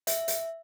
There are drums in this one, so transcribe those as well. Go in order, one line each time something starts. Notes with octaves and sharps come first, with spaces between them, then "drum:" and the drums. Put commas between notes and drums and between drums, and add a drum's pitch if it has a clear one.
E5, drum: hi-hat
drum: hi-hat